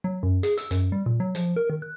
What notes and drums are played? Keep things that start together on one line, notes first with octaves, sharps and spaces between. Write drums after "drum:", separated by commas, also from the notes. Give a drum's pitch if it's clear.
F#3
F#2
G#4, drum: hi-hat
E6, drum: hi-hat
F#2, drum: hi-hat
G3
A#2
F#3
F3, drum: hi-hat
A#4
D#3
F#6